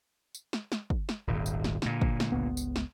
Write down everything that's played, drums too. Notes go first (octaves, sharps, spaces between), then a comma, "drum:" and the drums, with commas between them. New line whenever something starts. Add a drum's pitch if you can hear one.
drum: tambourine
drum: snare
drum: snare
drum: kick
drum: snare
D#1 G#1
drum: tambourine
drum: snare
A#2 D3, drum: snare
drum: kick
drum: snare
G1 C#2 B3
drum: tambourine
drum: snare